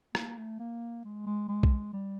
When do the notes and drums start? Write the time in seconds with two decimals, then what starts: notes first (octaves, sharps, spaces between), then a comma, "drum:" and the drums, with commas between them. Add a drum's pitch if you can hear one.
0.15 A#3, drum: rim click
0.37 A3
0.59 A#3
1.04 G#3
1.26 G#3
1.48 G#3
1.63 drum: kick B1
1.93 G3